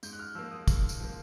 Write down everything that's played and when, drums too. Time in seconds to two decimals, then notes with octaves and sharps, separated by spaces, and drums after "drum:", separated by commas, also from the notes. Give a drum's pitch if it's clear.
0.03 G#2 G6, drum: tambourine
0.13 F#6
0.19 F6
0.35 F3 A#3 E6
0.51 D#6
0.68 G#2 E6, drum: kick, tambourine
0.89 drum: tambourine
1.00 F3 A#3